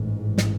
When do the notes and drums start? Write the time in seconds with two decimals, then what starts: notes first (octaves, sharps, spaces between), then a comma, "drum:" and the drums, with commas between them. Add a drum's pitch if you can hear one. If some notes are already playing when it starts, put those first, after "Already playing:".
Already playing: A1 G#2
0.38 drum: snare